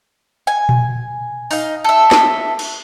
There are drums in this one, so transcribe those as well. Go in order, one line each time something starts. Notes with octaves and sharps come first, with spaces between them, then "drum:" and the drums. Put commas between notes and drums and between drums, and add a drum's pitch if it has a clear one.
G#5
drum: tom A#2
D#4 F5, drum: open hi-hat
A4 E5
drum: snare
drum: cymbal